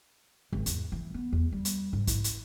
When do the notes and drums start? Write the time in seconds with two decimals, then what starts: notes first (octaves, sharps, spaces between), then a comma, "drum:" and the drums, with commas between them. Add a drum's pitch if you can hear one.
0.53 G#1
0.66 E2, drum: hi-hat
0.92 E3
1.14 B3
1.33 E2
1.52 G3
1.65 drum: hi-hat
1.93 G#2
2.07 E4, drum: kick, hi-hat
2.24 drum: hi-hat